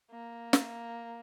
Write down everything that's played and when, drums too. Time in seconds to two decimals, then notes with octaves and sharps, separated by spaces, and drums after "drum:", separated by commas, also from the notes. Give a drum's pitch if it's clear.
0.11 A#3
0.53 drum: snare